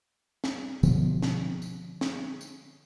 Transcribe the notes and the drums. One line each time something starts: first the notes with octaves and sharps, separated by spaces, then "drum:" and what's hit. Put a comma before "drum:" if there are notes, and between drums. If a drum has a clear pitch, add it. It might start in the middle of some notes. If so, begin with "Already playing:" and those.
drum: snare
B2 D3 F3 B3, drum: tambourine
drum: snare
drum: tambourine
drum: snare
drum: tambourine